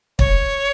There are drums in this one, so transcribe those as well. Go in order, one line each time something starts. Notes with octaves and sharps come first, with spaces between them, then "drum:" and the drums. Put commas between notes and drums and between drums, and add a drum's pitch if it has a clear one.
C#5, drum: kick